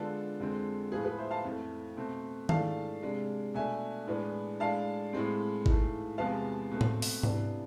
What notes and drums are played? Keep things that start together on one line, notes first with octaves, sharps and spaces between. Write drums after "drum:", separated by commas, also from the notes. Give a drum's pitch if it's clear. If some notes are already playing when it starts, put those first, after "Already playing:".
Already playing: D3 G#3 B3 D4 F4 A4
F2 D3 G#3 C4
A2 F3 B3 G#4 B4
G#4 B4
C5 E5
F5 A5
F2 E3 A3
B2 A3 C4
G#2 E3 A3 D4 F5 A5, drum: tom D#3
C3 G#3 D4
B2 A3 D4 E5 G#5
A2 E3 G#3 B3 D4
A2 G#3 D4 F5 A5
A2 G#3 C4
G#2 E3 A3, drum: kick G#1
E2 C3 F3 G#3 B3 F5 A5
B2 A3 C4
drum: tom A2
drum: open hi-hat
C3 E3 B3 D4, drum: tom G#2